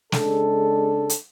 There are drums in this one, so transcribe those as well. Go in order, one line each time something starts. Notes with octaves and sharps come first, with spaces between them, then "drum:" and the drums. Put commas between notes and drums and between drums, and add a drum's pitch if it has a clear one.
C#3 G#3 D4 A4, drum: snare
drum: hi-hat